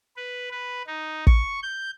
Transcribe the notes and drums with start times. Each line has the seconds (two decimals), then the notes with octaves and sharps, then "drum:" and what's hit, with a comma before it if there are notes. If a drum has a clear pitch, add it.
0.17 B4
0.51 B4
0.87 D#4
1.27 C#6, drum: kick
1.63 G6